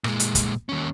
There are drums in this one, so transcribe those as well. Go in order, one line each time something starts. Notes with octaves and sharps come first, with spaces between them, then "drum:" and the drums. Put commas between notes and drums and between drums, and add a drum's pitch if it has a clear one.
A#2 G#3, drum: rim click
drum: hi-hat
drum: kick, hi-hat
D#2 C#4